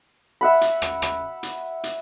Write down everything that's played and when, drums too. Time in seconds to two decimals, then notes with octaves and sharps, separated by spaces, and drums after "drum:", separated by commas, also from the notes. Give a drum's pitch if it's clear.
0.41 E5 F#5 B5
0.61 drum: hi-hat
0.82 drum: rim click
1.02 drum: rim click
1.43 drum: hi-hat
1.84 drum: hi-hat